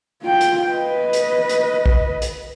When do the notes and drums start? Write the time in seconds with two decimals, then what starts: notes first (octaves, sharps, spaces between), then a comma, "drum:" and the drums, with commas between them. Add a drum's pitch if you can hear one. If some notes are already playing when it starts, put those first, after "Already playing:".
0.23 F4 G5
0.41 drum: hi-hat
0.70 B4 D#5
1.13 drum: hi-hat
1.49 drum: hi-hat
1.86 drum: kick
2.22 drum: hi-hat